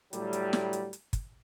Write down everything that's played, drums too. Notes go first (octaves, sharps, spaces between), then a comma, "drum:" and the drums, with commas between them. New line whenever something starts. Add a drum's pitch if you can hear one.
A2 D3 F#3 G3, drum: hi-hat
drum: hi-hat
drum: snare
drum: hi-hat
drum: hi-hat
drum: kick, hi-hat